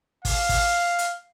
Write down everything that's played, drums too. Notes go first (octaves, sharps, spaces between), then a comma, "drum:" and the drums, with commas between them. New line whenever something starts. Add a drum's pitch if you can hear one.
F5, drum: kick, open hi-hat
drum: kick, open hi-hat
drum: hi-hat